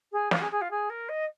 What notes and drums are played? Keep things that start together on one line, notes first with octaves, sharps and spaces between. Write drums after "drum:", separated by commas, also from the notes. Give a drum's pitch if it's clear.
G#4
F4, drum: snare
G#4
G#4
F4
G#4
A#4
D#5